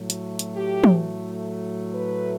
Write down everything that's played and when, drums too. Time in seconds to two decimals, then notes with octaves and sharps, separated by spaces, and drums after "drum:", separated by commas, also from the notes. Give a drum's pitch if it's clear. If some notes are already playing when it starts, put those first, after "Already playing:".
Already playing: A2 F#3 A3
0.10 drum: hi-hat
0.39 drum: hi-hat
0.56 G4
0.84 drum: tom
1.95 B4